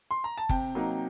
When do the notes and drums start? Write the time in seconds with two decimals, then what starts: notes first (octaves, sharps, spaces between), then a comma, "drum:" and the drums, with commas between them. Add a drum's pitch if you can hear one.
0.11 C6
0.24 A#5
0.38 A5
0.49 C3 G5, drum: kick
0.75 F#3 A#3 D#4